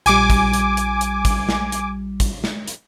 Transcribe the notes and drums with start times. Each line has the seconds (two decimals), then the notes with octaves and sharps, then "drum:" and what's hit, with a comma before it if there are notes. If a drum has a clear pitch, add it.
0.06 A#1 G3 G#5 D6, drum: hi-hat
0.30 drum: kick, hi-hat
0.53 drum: hi-hat
0.77 drum: hi-hat
1.01 drum: hi-hat
1.25 drum: kick, hi-hat
1.49 drum: snare
1.72 drum: hi-hat
2.20 drum: kick, hi-hat
2.44 drum: snare
2.68 drum: hi-hat